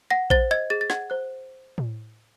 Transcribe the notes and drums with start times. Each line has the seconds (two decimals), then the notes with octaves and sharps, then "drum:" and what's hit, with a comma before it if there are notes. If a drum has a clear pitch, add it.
0.10 F#5 A#6
0.30 C5 A6, drum: kick A#1
0.51 D#5 G#6
0.70 G#4 A6
0.81 A6
0.90 F#5 G#6, drum: snare
1.10 C5 F#6
1.78 drum: tom A2